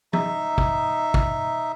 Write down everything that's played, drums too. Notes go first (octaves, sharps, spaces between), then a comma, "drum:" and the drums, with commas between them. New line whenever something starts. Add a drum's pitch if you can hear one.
D#4 E5, drum: tom
drum: kick
drum: kick